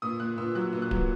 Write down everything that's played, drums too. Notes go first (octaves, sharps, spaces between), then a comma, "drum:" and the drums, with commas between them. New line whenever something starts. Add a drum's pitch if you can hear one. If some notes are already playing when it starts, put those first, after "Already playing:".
A#2 D#6
A#2 F#6
A#2 E6
F#3 F#6
A#2
F#6
F#3, drum: kick D1